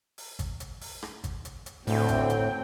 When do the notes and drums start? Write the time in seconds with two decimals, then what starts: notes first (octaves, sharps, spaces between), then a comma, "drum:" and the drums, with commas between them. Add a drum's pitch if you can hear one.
0.18 drum: open hi-hat
0.39 drum: kick G#1, hi-hat
0.60 drum: hi-hat
0.81 drum: open hi-hat
1.03 drum: rim click
1.24 drum: kick G#1, hi-hat
1.45 drum: hi-hat
1.66 drum: hi-hat
1.87 D2 A2 C4 G5, drum: open hi-hat
2.08 drum: kick G#1, hi-hat
2.30 drum: hi-hat